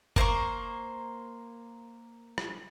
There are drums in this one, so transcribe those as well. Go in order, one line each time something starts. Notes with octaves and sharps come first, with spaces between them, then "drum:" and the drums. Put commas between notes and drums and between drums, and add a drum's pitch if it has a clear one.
A#3 C5 E5 C#6, drum: kick F#1
drum: rim click